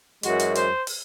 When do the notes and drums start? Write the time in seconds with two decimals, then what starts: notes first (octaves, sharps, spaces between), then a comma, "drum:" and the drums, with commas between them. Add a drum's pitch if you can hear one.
0.23 F#2 E3 G#3 F#4, drum: hi-hat
0.39 drum: hi-hat
0.55 C5, drum: hi-hat
0.87 drum: open hi-hat